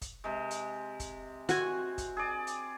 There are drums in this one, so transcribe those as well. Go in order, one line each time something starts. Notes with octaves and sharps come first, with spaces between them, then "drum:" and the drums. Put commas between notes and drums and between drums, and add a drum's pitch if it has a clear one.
drum: kick, hi-hat
C3 G#3
drum: hi-hat
drum: kick, hi-hat
C4 F#4 G#5, drum: hi-hat
drum: kick, hi-hat
G#4 D5
drum: hi-hat